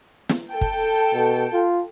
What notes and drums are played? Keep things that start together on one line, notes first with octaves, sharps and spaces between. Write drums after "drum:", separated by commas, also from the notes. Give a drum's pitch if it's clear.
drum: snare
A4 G5
drum: kick
B2
F4